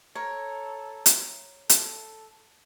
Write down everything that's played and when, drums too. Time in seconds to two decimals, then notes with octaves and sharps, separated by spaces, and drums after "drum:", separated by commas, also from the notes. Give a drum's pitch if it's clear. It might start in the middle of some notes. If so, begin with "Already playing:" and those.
0.15 A4 A#4 C#5
1.06 drum: hi-hat
1.69 A4, drum: hi-hat